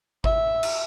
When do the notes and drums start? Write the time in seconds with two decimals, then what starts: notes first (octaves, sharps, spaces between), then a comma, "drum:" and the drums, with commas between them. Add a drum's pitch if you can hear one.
0.24 E5, drum: kick G#1
0.63 drum: cymbal